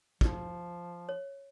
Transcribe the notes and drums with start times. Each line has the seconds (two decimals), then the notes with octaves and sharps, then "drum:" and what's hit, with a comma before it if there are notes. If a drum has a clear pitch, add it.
0.21 F3, drum: kick
1.09 C#5